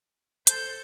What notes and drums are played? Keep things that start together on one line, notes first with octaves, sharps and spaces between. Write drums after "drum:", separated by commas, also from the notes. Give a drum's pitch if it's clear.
A4 C5 G6, drum: hi-hat